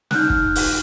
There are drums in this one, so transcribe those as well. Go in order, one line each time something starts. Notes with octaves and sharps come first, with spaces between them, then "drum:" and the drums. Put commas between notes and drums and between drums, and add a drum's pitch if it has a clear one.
F#6, drum: snare
D#4 F6 G6
drum: kick
drum: open hi-hat